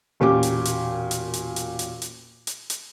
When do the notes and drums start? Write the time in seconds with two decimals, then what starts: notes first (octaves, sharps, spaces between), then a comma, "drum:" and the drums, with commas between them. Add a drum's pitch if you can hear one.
0.20 E1 A#2 C#4 G4 D6
0.43 drum: hi-hat
0.65 drum: hi-hat
1.11 drum: hi-hat
1.33 drum: hi-hat
1.56 drum: hi-hat
1.79 drum: hi-hat
2.02 drum: hi-hat
2.47 drum: hi-hat
2.70 drum: hi-hat